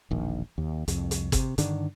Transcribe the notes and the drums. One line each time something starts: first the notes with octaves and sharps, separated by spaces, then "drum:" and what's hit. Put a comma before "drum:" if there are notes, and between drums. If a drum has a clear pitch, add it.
E1 A#1 D#3
D#2
C2 F2, drum: hi-hat
drum: hi-hat
C3, drum: kick, hi-hat
G2 D3 D#3 D4, drum: hi-hat